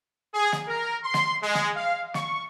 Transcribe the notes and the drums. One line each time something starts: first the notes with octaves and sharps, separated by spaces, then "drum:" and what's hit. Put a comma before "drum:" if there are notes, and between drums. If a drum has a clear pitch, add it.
G#4
drum: snare
A#4
C6
drum: snare
G#3
drum: snare
F5
C#6, drum: snare